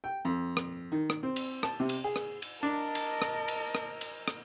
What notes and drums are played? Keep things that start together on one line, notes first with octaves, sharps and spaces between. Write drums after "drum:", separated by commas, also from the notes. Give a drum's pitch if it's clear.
G5
F2
drum: rim click
D#3
drum: rim click
C4
drum: cymbal
A5, drum: rim click
C3
drum: cymbal
G#4
drum: rim click
drum: cymbal
D4 A#4 D#5 A5
drum: cymbal
drum: rim click
drum: cymbal
drum: rim click
drum: cymbal
drum: rim click